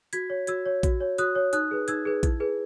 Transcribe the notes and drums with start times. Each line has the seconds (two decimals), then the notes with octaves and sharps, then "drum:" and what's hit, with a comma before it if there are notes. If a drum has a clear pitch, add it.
0.13 F#4 G#6 B6, drum: hi-hat
0.30 C#5
0.47 F#4 E6 G#6, drum: hi-hat
0.66 C#5
0.83 F#4, drum: kick A#1, hi-hat
1.00 C#5
1.18 F#4 D#6 F#6, drum: hi-hat
1.35 C#5
1.53 D#4 D#6 F#6, drum: hi-hat
1.71 G#4 B4
1.88 D#4 E6 G#6, drum: hi-hat
2.05 G#4 B4
2.23 E4, drum: kick A#1, hi-hat
2.40 G#4 B4